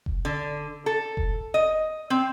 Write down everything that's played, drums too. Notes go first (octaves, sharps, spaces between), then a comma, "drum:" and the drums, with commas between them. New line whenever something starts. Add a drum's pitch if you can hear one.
drum: kick F1
D3
A4
drum: kick F1
D#5
C4